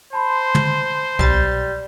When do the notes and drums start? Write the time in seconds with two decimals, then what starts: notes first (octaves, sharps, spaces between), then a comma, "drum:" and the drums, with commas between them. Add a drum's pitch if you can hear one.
0.13 C5 A5 B5 C6
0.55 drum: tom
1.19 B1 G3 A6, drum: kick C#2